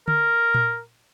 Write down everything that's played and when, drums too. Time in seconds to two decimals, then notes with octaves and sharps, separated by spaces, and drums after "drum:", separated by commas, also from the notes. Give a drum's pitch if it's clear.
0.08 A#4, drum: tom D3
0.54 drum: tom A#2